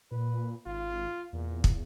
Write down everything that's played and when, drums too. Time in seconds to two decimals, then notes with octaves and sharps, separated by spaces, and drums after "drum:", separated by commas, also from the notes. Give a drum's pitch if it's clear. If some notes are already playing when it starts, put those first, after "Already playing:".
0.11 A#2 B4
0.66 G#1 F4
1.33 E2 A#2
1.64 drum: kick